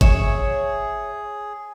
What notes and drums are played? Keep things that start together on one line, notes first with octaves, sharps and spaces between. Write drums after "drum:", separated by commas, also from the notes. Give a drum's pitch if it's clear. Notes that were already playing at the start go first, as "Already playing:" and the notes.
G#4 C#5 E5, drum: kick F#1